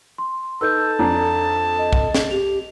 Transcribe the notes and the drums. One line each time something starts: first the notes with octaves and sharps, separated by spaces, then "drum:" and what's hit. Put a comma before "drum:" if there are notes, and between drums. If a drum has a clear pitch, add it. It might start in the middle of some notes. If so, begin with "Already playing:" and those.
C6
D#4 A4 B4 A5 E6 G6
F2 D4 A#5
D#5
drum: kick
drum: snare
G4 F7